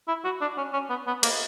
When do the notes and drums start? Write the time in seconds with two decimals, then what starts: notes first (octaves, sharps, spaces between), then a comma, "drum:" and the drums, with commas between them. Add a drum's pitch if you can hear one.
0.08 E4
0.25 F#4
0.41 D4
0.57 C#4
0.73 C#4
0.90 B3
1.07 B3
1.23 A#3, drum: cymbal